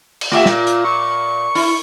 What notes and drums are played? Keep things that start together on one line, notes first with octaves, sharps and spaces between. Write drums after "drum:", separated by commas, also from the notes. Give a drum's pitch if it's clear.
drum: cymbal
A3 F4 G4 E5
A#2, drum: snare
drum: hi-hat
C#6
E4, drum: open hi-hat